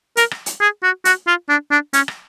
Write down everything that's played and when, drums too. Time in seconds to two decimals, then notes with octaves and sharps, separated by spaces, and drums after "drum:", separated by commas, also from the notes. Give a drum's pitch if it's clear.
0.17 A#4, drum: hi-hat
0.31 drum: rim click
0.46 drum: hi-hat
0.61 G#4
0.83 F#4
1.05 F#4, drum: hi-hat
1.27 F4
1.49 D4
1.71 D4
1.93 C#4, drum: hi-hat
2.08 drum: rim click